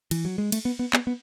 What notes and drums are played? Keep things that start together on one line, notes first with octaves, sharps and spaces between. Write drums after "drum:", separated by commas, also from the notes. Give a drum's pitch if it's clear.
E3, drum: cymbal
F#3
G#3
A3, drum: cymbal
B3
B3
B3, drum: clap
B3